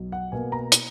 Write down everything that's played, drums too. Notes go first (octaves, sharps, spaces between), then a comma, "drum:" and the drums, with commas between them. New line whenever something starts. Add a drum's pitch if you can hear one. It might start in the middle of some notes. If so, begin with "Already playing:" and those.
Already playing: B1
F#5
B2 A#3 G#5
A#5
drum: hi-hat